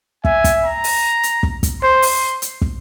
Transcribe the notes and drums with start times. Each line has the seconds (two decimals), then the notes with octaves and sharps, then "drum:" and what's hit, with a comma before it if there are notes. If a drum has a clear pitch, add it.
0.25 E5 G#5, drum: kick
0.44 drum: kick, hi-hat
0.64 A#5
0.84 drum: open hi-hat
1.23 drum: hi-hat
1.43 drum: kick
1.63 drum: kick, hi-hat
1.83 C5 C6
2.02 drum: open hi-hat
2.42 drum: hi-hat
2.62 drum: kick